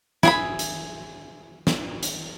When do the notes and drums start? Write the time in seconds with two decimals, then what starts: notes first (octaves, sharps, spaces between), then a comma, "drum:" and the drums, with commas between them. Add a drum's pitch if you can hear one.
0.23 E4 G#4 B5, drum: snare
0.59 drum: hi-hat
1.67 drum: snare
2.03 drum: hi-hat